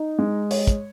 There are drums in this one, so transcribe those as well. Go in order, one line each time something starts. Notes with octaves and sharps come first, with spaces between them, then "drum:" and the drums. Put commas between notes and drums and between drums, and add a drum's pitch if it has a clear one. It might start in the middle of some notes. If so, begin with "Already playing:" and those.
Already playing: D#4
G#3
C#5, drum: open hi-hat
drum: kick, hi-hat